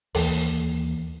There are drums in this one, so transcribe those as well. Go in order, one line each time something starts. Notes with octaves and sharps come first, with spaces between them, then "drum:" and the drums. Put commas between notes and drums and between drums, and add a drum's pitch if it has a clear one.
D#2 E3 A#3, drum: open hi-hat